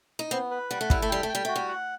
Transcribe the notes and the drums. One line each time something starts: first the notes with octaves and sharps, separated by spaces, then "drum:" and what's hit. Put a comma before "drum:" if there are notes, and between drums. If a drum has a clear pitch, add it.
D#4
B3 C4
B4
G3 F#5
A3
G3 E4, drum: kick
A3
G3 G5
A3
G5
G3
A3 F#4
G3
F#5